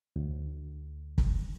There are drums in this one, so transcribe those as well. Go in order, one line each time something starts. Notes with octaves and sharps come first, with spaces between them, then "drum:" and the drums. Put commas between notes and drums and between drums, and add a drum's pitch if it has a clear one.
D2
drum: kick